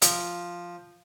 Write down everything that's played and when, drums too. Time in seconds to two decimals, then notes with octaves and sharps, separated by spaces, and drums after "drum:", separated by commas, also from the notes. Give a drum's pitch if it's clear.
0.02 F3, drum: hi-hat